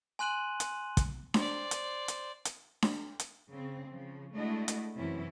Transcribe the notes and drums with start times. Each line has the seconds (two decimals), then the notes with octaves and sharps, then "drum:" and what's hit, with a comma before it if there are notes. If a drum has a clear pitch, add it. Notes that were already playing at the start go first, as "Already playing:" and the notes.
0.19 G#5 C6 F#6 D#7 F#7
0.60 drum: hi-hat
0.97 drum: kick, hi-hat
1.34 C5 D5, drum: snare D4
1.71 drum: hi-hat
2.08 drum: hi-hat
2.45 drum: hi-hat
2.82 drum: snare D4
3.20 drum: hi-hat
3.51 C#3 C4
3.89 C#3 F3
4.34 G#3 A3 D4 E4 F#4 D#5
4.68 drum: hi-hat
4.96 F#2 C3 E3 C#4 E4